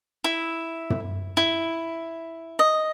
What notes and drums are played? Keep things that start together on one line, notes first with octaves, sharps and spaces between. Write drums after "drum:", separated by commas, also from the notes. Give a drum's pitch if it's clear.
E4
drum: tom
E4
D#5